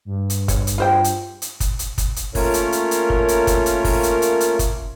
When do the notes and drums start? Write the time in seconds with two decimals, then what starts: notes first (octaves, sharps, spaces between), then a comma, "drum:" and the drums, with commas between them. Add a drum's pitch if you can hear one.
0.05 G2
0.30 drum: hi-hat
0.48 C#5, drum: kick, hi-hat
0.67 drum: hi-hat
0.78 F4 C5 G5
1.04 drum: hi-hat
1.42 drum: hi-hat
1.60 drum: kick, hi-hat
1.79 drum: hi-hat
1.98 drum: kick, hi-hat
2.16 drum: hi-hat
2.35 A3 A#3 C#4 F4 A#4 C#5, drum: kick, open hi-hat
2.54 drum: hi-hat
2.72 drum: hi-hat
2.91 drum: hi-hat
3.10 drum: kick
3.28 drum: hi-hat
3.47 drum: kick, hi-hat
3.66 drum: hi-hat
3.84 drum: kick, open hi-hat
4.03 drum: hi-hat
4.22 drum: hi-hat
4.41 drum: hi-hat
4.59 drum: kick, hi-hat